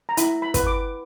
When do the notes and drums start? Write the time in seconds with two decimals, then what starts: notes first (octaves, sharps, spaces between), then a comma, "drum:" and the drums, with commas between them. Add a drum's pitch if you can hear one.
0.09 A#5
0.17 E4 B5, drum: hi-hat
0.42 B5
0.54 B4, drum: kick, hi-hat
0.67 D6